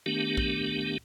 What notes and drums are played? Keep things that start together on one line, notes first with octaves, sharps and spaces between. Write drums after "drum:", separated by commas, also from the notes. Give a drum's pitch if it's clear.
D#3 A3 B3 D4 G4
drum: kick A#1